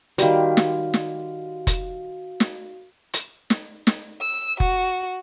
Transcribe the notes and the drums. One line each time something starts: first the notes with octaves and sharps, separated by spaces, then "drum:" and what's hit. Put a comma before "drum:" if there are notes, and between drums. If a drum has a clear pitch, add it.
D#3 G3 F#4 F5, drum: hi-hat
drum: snare
drum: snare
drum: kick F1, hi-hat
drum: snare
drum: hi-hat
drum: snare
drum: snare
E6
F#4, drum: kick F1